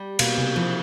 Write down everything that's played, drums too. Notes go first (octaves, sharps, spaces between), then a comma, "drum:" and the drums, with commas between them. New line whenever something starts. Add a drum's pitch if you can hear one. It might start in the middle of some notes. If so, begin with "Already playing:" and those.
Already playing: G3
B2 A#3, drum: cymbal
C3
E3 F3